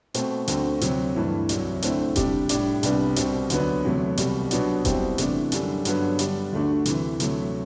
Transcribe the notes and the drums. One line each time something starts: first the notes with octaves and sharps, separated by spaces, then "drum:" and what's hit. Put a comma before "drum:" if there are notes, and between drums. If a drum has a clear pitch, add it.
B2 A3 C4, drum: hi-hat
D2 D3 A3 C4 F#4, drum: hi-hat
D2 C3 F#3 C4, drum: hi-hat
G2 E3 A3 E4
C2 C3 F#3, drum: hi-hat
D3 A3 C4 E4, drum: hi-hat
C3 G3 D4 G4, drum: kick F1, hi-hat
A2 G3 D4 G4, drum: hi-hat
C2 C3 G3 B3 D4, drum: hi-hat
C2 B2 G3 C4, drum: hi-hat
D2 D3 F#3 B3 D4, drum: hi-hat
E2 C3 F#3 A3
C2 B2 G3, drum: hi-hat
B2 F#3 B3 D4, drum: hi-hat
B2 G3 C4 E4, drum: kick F1, hi-hat
C3 E3 A3 D4, drum: hi-hat
F#2 D3 G3, drum: hi-hat
G2 D3 F#3 B3, drum: hi-hat
D3 G3 D4, drum: hi-hat
D2 D3 A3 D4 F#4
D2 C3 E3, drum: hi-hat
D2 C3 F#3 A3, drum: hi-hat